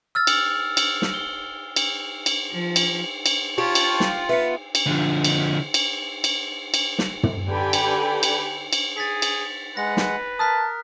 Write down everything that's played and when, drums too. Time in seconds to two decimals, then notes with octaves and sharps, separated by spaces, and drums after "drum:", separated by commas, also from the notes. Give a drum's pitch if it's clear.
0.15 E6 F6 A6
0.27 drum: cymbal
0.77 drum: cymbal
1.02 drum: snare
1.14 G7
1.76 drum: cymbal
2.26 drum: cymbal
2.53 F3
2.76 drum: cymbal
3.26 drum: cymbal
3.58 F4 G4 C#5 A5
3.75 drum: cymbal
4.00 drum: snare
4.29 B3 B4 E5 C#7
4.75 drum: cymbal
4.87 D3 F3
5.24 drum: cymbal
5.74 drum: cymbal
6.24 drum: cymbal
6.74 drum: cymbal
6.99 drum: snare
7.23 drum: tom
7.48 D3 G4 B4 G5 G#5 B5
7.73 drum: cymbal
8.23 drum: cymbal
8.73 drum: cymbal
8.97 G#4 A6 B6
9.22 drum: cymbal
9.77 G#3 B4 F#5 A#6
9.97 drum: snare
10.39 A#4 A5 D#6 F#6 B6